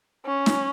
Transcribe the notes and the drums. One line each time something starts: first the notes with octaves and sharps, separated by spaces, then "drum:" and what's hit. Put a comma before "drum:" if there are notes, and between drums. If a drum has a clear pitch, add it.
C#4
drum: snare